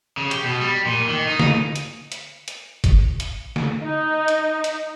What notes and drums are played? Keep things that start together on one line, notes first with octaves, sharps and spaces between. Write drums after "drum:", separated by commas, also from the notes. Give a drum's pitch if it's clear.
C#3
G4, drum: hi-hat
B2
G3
A#2
D#3
D#4
drum: snare
drum: hi-hat
drum: hi-hat
drum: hi-hat
drum: kick, hi-hat
drum: hi-hat
drum: snare
D#4
drum: hi-hat
drum: hi-hat